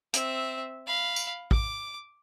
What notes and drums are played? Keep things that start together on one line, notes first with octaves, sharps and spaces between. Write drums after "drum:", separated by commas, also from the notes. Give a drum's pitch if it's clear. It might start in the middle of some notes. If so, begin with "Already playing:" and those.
C4 E5, drum: hi-hat
F5 B5
drum: tambourine
D6, drum: kick